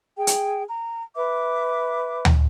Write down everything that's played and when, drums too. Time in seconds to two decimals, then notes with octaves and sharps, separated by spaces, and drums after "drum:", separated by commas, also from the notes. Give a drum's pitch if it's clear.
0.17 G#4 G5
0.27 drum: hi-hat
0.67 A#5
1.15 B4 E5 D6
2.25 drum: tom D2